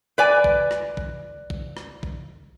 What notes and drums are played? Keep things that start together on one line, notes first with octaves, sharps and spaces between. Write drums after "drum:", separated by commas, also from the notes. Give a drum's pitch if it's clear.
B4 D5 G#5
drum: kick
drum: rim click
drum: kick
drum: kick
drum: rim click
drum: kick